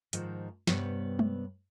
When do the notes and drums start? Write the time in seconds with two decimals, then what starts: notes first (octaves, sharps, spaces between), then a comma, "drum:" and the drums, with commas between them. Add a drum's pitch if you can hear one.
0.13 G#2 D#3 F3, drum: hi-hat
0.67 G2 C3 G3 B3 B4 C#5, drum: snare
1.19 drum: tom G#3